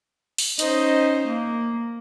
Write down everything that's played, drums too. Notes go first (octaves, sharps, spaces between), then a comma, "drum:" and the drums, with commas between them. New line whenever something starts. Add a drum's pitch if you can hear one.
drum: open hi-hat
C#4 D#4 C5 D#5, drum: hi-hat
A#3